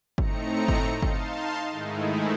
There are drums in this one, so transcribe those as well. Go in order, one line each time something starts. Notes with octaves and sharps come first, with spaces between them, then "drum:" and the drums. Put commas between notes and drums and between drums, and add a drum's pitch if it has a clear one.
A2 A3 C4 D#4 A#5 C#7, drum: kick G1
drum: kick G1
D#4 F5 A5 C6, drum: kick G1
G#2 D#3 G#3 A3 D#4 E4